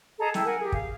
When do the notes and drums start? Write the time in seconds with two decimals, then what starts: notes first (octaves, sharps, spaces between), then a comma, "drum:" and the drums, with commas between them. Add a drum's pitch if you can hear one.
0.19 G#4 A4 D#5 A#5
0.34 E4 G5, drum: snare
0.45 A#4 F#5 G#5
0.60 G4 G#4
0.72 F5, drum: kick